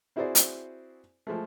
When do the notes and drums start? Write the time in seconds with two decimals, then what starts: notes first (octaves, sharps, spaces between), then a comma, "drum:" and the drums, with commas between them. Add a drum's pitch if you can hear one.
0.16 C4 E4 F#4 G#4 C5 D5
0.35 drum: hi-hat
1.27 F3 G#3 A3